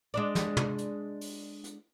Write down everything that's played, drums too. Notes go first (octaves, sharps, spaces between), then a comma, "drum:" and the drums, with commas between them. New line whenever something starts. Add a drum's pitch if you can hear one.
G#3 D4 D5
drum: snare
drum: tom
drum: hi-hat
drum: open hi-hat
drum: hi-hat